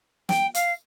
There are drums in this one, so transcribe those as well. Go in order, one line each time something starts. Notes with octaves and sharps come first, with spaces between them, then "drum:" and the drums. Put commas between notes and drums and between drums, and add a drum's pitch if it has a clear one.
G5, drum: snare
F5, drum: hi-hat